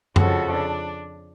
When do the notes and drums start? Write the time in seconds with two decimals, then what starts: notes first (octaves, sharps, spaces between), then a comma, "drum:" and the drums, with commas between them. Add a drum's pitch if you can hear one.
0.16 F2 C#3 F3 F#4 A4, drum: tom F#2
0.52 D4